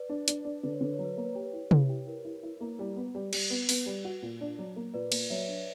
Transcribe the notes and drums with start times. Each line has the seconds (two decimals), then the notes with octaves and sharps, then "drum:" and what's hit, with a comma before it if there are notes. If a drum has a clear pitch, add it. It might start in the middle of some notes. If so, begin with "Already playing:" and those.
Already playing: B4 D5
0.09 D4
0.28 D4, drum: hi-hat
0.45 D4
0.63 D3 B4
0.73 C#5
0.81 D3 B4
0.94 C#5
0.99 F#3
1.04 B4
1.13 A#3 C#5
1.25 B4
1.34 G4 C#5
1.44 B4
1.53 E4
1.71 E4, drum: tom
1.89 G4
2.07 E4 A#4
2.25 E4
2.43 E4
2.60 A#3
2.79 G3
2.97 B3
3.15 G3
3.33 G3, drum: cymbal
3.50 B3 B4
3.69 B3, drum: open hi-hat
3.86 G3
4.05 F#4
4.22 A#2
4.41 D4
4.59 F#3
4.76 A#3
4.94 A#2 B4 D5
5.12 A#3, drum: cymbal
5.30 F#3 C#5 E5
5.48 D4